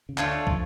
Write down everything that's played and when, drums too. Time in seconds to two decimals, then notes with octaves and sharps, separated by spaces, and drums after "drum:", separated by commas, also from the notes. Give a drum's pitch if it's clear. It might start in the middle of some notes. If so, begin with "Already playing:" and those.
0.09 C#3
0.18 D2 D3 A3 D4 F4 C#5, drum: clap
0.47 F3, drum: kick